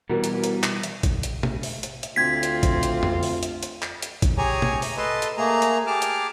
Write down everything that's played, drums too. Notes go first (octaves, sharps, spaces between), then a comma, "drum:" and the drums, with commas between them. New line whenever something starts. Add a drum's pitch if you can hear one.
B2 E3 G3 F#4 A#4
drum: hi-hat
drum: hi-hat
drum: clap
drum: hi-hat
drum: kick A1, hi-hat
drum: hi-hat
drum: tom B2
drum: open hi-hat
drum: hi-hat
drum: hi-hat
D2 C4 F4 G#6 B6
drum: hi-hat
drum: kick A1, hi-hat
drum: hi-hat
drum: tom F2
drum: open hi-hat
drum: hi-hat
drum: hi-hat
drum: clap
drum: hi-hat
drum: kick A1, hi-hat
G4 G#4 C#5 G#5 A#5
drum: tom B2
A#5, drum: open hi-hat
A4 B4 D#5 A5 C6
drum: hi-hat
A3 A#3 G#4 A#5
drum: hi-hat
G4 G#4 A5 D6 F6
drum: hi-hat